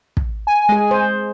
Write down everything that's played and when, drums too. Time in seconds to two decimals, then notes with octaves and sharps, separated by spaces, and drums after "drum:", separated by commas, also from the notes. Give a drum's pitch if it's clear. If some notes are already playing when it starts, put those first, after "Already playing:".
0.17 drum: kick
0.47 G#5
0.69 G#3 G#4
0.91 C5